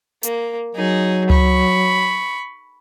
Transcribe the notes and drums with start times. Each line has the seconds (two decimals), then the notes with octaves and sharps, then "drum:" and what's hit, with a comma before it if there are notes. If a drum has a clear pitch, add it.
0.23 A#3, drum: hi-hat
0.75 F#3 D#4 G#4
1.30 B5 C#6, drum: tom C#2